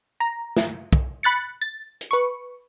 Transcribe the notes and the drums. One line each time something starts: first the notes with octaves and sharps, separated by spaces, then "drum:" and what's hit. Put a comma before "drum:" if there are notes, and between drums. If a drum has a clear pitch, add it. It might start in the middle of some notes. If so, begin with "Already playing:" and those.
A#5
drum: snare
drum: kick
B5 F#6 A6 C#7
A6
drum: hi-hat
B4 C#6